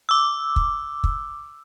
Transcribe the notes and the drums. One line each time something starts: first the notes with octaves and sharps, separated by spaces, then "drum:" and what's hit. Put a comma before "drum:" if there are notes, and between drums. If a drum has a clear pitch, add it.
D6 E6
drum: kick
drum: kick